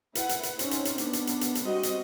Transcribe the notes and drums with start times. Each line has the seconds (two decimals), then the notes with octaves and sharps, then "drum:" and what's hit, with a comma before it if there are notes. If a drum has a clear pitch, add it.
0.15 E4 B4 F#5, drum: hi-hat
0.29 drum: hi-hat
0.43 drum: hi-hat
0.59 C4 C#4 D#4, drum: hi-hat
0.71 drum: hi-hat
0.85 drum: hi-hat
0.98 B3 D4, drum: hi-hat
1.13 drum: hi-hat
1.27 drum: hi-hat
1.41 drum: hi-hat
1.55 drum: hi-hat
1.64 G3 C4 F#4 D#5
1.83 drum: hi-hat